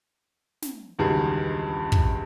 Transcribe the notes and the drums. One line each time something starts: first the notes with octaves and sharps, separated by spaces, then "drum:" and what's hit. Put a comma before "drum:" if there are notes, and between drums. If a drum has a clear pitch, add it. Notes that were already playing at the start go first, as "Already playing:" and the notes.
drum: snare
E1 C#2 G2 D#3 F#4 G#4
drum: kick